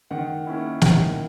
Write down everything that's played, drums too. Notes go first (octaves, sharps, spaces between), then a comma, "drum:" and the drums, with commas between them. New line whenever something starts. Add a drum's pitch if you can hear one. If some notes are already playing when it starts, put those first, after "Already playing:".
D#3 F#5
A#3 C#4 E4
D#3, drum: snare